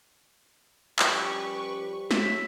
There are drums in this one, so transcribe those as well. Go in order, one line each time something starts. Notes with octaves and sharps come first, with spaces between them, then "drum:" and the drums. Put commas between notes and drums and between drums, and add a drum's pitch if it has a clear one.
F3 G3 C#4 G4 B4 C#6, drum: clap
F#3 F#4 C#5 E5, drum: snare